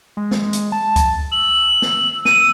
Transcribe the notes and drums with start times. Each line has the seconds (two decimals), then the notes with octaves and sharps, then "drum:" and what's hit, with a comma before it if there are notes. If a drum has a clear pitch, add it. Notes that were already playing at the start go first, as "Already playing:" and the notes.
0.17 G#3
0.31 drum: snare
0.53 drum: hi-hat
0.72 A5
0.96 drum: kick C#2, hi-hat
1.31 E6 F#7
1.82 drum: snare
2.25 D#7, drum: snare